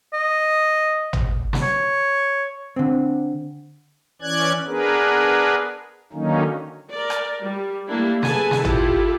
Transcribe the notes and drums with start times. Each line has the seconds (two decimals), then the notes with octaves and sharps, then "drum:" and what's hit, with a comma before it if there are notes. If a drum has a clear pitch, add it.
0.14 D#5
1.13 drum: tom G#1
1.53 drum: snare
1.63 C#5
2.76 D3 C4
4.22 E3 C#4 D5 F#6 G#6
4.67 B3 D4 G#4 A#4 B4
6.13 D3 D#3 F#3 A#3 C#4 D#4
6.90 A#4 D5
7.10 drum: rim click
7.43 G3
7.88 G3 A3 A#3 D4 E4
8.23 G#4 A4 B4 G#5 A5, drum: snare
8.51 drum: snare
8.65 E4 F4 G4 A4, drum: tom G#1